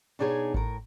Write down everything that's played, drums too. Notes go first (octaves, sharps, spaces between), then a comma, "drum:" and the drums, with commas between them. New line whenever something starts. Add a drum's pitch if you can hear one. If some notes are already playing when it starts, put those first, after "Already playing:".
B2 D4 D#4 G#4 B4 C#5
A2 A#4, drum: kick G#1